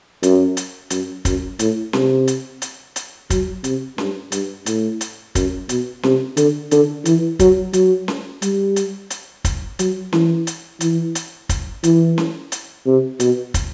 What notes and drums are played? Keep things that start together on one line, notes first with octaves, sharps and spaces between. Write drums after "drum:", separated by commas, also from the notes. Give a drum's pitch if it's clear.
F#2, drum: hi-hat
drum: hi-hat
F#2, drum: hi-hat
F#2, drum: kick, hi-hat
A2, drum: hi-hat
C3, drum: snare C#4
drum: hi-hat
drum: hi-hat
drum: hi-hat
F#3, drum: kick, hi-hat
C3, drum: hi-hat
G2, drum: snare C#4
G2, drum: hi-hat
A2, drum: hi-hat
drum: hi-hat
F#2, drum: kick, hi-hat
B2, drum: hi-hat
C3, drum: snare C#4
D3, drum: hi-hat
D3, drum: hi-hat
E3, drum: hi-hat
F#3, drum: kick, hi-hat
F#3, drum: hi-hat
drum: snare C#4
G3, drum: hi-hat
drum: hi-hat
drum: hi-hat
drum: kick, hi-hat
F#3, drum: hi-hat
E3, drum: snare C#4
drum: hi-hat
E3, drum: hi-hat
drum: hi-hat
drum: kick, hi-hat
E3, drum: hi-hat
drum: snare C#4
drum: hi-hat
C3
B2, drum: hi-hat
drum: kick, hi-hat